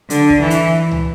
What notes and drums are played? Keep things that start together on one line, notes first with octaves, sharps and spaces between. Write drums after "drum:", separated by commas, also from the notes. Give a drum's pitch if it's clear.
D3, drum: hi-hat
drum: kick
E3
drum: hi-hat
drum: tom C2